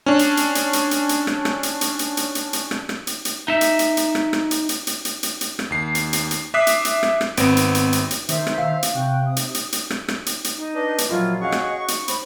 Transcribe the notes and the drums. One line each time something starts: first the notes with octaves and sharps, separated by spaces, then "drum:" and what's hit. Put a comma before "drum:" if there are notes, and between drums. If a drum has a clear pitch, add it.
C#4 D4
drum: hi-hat
drum: hi-hat
drum: hi-hat
drum: hi-hat
drum: hi-hat
drum: hi-hat
drum: rim click
drum: rim click
drum: hi-hat
drum: hi-hat
drum: hi-hat
drum: hi-hat
drum: hi-hat
drum: hi-hat
drum: rim click
drum: rim click
drum: hi-hat
drum: hi-hat
D#4 E5
drum: hi-hat
drum: hi-hat
drum: hi-hat
drum: rim click
drum: rim click
drum: hi-hat
drum: hi-hat
drum: hi-hat
drum: hi-hat
drum: hi-hat
drum: hi-hat
drum: rim click
D#2 C7
drum: hi-hat
drum: hi-hat
drum: hi-hat
E5 D6 D#6 F#6 B6 C7
drum: hi-hat
drum: hi-hat
drum: rim click
drum: rim click
G#1 B3 C4 D7, drum: hi-hat
drum: hi-hat
drum: hi-hat
drum: hi-hat
drum: hi-hat
D#3 C5 E5, drum: hi-hat
drum: rim click
F5
drum: hi-hat
C3 G5 C#6 F#6
D#6
drum: hi-hat
drum: hi-hat
drum: hi-hat
drum: rim click
drum: rim click
drum: hi-hat
drum: hi-hat
D#4
D4 B4 D#5
drum: hi-hat
A#2 F3 F#3 E4 F4 D#5
C#4 F#4 G#4 F5 C#6
drum: rim click
C#6
drum: hi-hat
C5 B5, drum: hi-hat